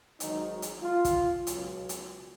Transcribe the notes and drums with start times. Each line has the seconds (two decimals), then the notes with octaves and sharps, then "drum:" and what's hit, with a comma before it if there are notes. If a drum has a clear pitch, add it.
0.20 G#1 G#2 D#3 F#3 D#4, drum: hi-hat
0.62 drum: hi-hat
0.83 F4
1.05 drum: kick, hi-hat
1.47 C#2 B2 F#3, drum: hi-hat
1.89 drum: hi-hat